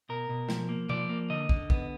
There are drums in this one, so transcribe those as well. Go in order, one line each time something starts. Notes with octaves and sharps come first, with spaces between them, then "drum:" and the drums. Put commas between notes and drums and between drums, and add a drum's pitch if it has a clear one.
B2 A#4
B2
F3, drum: snare
A#3
F3 D5, drum: tom B2
A#3
D3 D#5
D3, drum: kick
B3, drum: kick